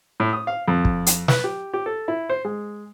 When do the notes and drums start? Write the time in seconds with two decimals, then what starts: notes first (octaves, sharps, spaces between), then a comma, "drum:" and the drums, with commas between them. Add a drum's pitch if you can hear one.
0.20 A2
0.33 D#6
0.47 F5
0.68 F2
0.85 drum: kick
1.06 drum: hi-hat
1.28 B4, drum: snare
1.44 G4
1.73 G4
1.86 A4
2.08 E4
2.30 C5
2.45 G#3